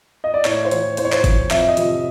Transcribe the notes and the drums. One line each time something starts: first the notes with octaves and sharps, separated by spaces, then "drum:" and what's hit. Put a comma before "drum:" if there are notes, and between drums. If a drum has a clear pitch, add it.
D#5
D5
A2 C#5, drum: clap
C5
E3 C#5, drum: hi-hat
A2 C5, drum: hi-hat
C#5
C5, drum: clap
E3, drum: kick G#1, hi-hat
F2 E5, drum: clap
D#5
C3 F3, drum: hi-hat